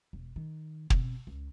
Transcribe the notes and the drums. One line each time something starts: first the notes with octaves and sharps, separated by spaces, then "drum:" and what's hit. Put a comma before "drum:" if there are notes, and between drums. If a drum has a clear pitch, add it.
E1
D#3
B2 C4, drum: kick
C#2